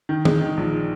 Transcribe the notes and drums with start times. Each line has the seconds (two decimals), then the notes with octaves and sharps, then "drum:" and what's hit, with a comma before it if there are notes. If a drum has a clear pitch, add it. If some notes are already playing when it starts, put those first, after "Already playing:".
0.09 D#3
0.25 G#3, drum: tom
0.41 D#3
0.57 A#1